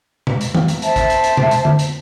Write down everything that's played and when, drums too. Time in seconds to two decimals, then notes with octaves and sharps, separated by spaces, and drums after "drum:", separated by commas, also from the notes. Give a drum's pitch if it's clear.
0.27 drum: tom B2
0.41 drum: hi-hat
0.55 drum: tom D#3
0.68 drum: hi-hat
0.82 C5 E5 A5, drum: hi-hat
0.96 drum: kick, hi-hat
1.10 drum: hi-hat
1.24 drum: hi-hat
1.37 drum: tom B2
1.51 drum: hi-hat
1.65 drum: tom D3
1.79 drum: hi-hat